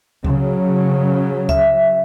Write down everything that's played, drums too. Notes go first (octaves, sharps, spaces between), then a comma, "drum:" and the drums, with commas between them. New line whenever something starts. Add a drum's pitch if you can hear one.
C#3 F#3, drum: kick C#2
E5, drum: kick C#2